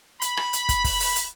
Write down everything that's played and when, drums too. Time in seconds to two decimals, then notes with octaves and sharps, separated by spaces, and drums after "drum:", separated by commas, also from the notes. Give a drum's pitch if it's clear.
0.22 B5, drum: hi-hat
0.37 drum: rim click
0.53 drum: hi-hat
0.69 drum: kick, hi-hat
0.84 drum: kick, open hi-hat
1.00 drum: open hi-hat
1.16 drum: hi-hat